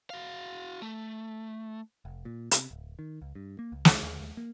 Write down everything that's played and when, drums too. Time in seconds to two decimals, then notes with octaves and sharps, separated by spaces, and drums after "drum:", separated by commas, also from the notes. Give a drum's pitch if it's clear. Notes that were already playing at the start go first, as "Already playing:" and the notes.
0.10 F#4 F5
0.82 A3
2.05 F1
2.25 A#2
2.51 C3, drum: hi-hat
2.71 D1
2.99 D#3
3.22 C#2
3.35 G2
3.59 A#3
3.72 C#2
3.85 drum: snare
4.03 D#2
4.20 D#2
4.37 A#3